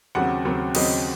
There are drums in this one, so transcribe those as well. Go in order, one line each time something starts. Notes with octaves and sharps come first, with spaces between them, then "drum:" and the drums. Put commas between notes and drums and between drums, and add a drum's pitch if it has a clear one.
D#2 C#3 F#3 C4 F#5
D#2 C#3 F#3 C4
D#2 C#3 F#3 C4 D#5, drum: cymbal